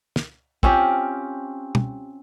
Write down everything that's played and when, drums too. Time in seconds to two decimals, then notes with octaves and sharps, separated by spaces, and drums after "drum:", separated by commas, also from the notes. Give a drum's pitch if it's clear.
0.16 drum: snare
0.63 C4 C#4 F4 G4, drum: kick
1.75 drum: tom